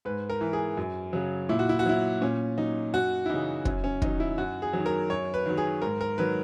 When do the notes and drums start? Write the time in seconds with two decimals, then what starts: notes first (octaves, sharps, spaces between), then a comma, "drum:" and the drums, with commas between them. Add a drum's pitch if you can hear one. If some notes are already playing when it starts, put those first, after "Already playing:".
0.05 G#2 B4
0.30 A#4
0.41 E3
0.53 G#4
0.77 F#2
1.13 C#3 F#3
1.49 A#2 E4
1.59 F#4
1.69 E4
1.79 F#4
1.86 F#3 E4
2.21 A#2 C#4
2.58 F#3 D#4
2.93 F#2 F#4
3.26 E4
3.30 C#3 E3 D#4
3.65 F#2 C#4, drum: kick
3.84 C#4
4.02 D#3 F#3 D#4, drum: kick
4.20 E4
4.38 F#2 F#4
4.62 G#4
4.73 F#3
4.79 D#3
4.86 A#4
5.09 F#2 C#5
5.34 B4
5.46 D#3 F#3
5.57 G#4
5.82 G#2 A#4
6.01 A#4
6.18 D#3 F#3 B4